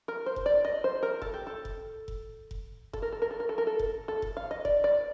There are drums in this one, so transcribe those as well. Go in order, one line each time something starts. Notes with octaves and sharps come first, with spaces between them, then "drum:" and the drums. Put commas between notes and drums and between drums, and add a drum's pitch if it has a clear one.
A#4
C5
drum: kick F1
D5
D#5
C5
A#4
A4, drum: kick F1
G4
A4
drum: kick F1
drum: kick F1
drum: kick F1
A4, drum: kick F1
A#4
A4
A#4
A4
A#4
A4
A#4
A4
drum: kick F1
A4
drum: kick F1
F5
D#5
D5, drum: kick F1
D5